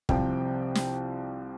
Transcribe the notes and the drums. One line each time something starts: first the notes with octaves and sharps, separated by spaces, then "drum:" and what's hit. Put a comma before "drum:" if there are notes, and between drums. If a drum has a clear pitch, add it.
C2 C3 F3 C4 G5, drum: kick
drum: snare